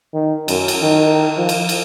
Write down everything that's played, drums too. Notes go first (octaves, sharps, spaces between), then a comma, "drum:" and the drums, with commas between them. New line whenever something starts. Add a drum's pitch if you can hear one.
D#3
F#2, drum: cymbal
drum: cymbal
D#3
F3
drum: cymbal
drum: cymbal